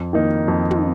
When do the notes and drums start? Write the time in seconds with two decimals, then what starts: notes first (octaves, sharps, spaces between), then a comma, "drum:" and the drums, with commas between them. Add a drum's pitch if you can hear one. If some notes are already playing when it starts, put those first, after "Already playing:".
Already playing: F2
0.13 D#3 A#3 D#4
0.48 F2
0.71 drum: tom